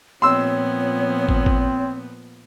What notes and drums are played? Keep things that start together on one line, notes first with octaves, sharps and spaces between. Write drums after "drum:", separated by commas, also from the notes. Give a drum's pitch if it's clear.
A#2 F3 B3 C4 C#5 C6 E6
drum: kick
drum: kick